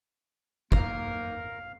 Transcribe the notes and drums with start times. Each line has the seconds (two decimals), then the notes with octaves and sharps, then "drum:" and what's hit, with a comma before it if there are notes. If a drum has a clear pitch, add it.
0.72 A#3 D#4 A#4 F5, drum: kick